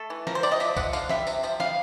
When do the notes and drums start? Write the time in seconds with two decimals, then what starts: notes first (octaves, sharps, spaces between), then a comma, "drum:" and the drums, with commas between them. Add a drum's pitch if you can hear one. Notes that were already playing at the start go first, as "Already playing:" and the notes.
Already playing: A3 A4
0.10 E3
0.27 F3 A#4, drum: snare
0.35 C5
0.43 C3 D5, drum: tambourine
0.52 D#5
0.60 F3 E5, drum: tambourine
0.76 F3 F#5, drum: kick, tambourine
0.93 D3 F5, drum: tambourine
1.09 G3 E5, drum: snare
1.27 C3, drum: tambourine
1.43 F3, drum: tambourine
1.60 G3 F5, drum: snare